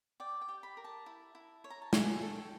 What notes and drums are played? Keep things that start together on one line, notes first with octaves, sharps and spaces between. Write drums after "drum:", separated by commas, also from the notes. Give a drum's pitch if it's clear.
D5 G5
G5
G4
B5
A#4
A5
E4
E4
C#5
A#5
A5
C#5 G#5, drum: snare
A4
G5